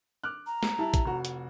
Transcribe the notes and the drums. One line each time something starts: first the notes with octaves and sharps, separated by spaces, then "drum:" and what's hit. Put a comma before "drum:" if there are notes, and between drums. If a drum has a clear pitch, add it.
D6 F6 F#6
A#5
drum: snare
G3 E4 A5
drum: kick, hi-hat
F1 F#4
drum: hi-hat